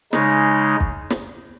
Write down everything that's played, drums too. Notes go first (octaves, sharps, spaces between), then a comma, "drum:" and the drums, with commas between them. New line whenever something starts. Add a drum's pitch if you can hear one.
C#3 G#3 D#4, drum: snare
drum: kick
drum: snare